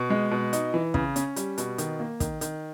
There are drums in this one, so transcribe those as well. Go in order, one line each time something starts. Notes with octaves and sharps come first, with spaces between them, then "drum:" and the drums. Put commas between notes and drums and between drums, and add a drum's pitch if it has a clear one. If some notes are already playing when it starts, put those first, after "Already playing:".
Already playing: B2
G#3
B2
D#4, drum: hi-hat
E3
C#3, drum: kick
C#4, drum: hi-hat
G3, drum: hi-hat
B2, drum: hi-hat
D#3, drum: hi-hat
A#3
D#3, drum: kick, hi-hat
D#3, drum: hi-hat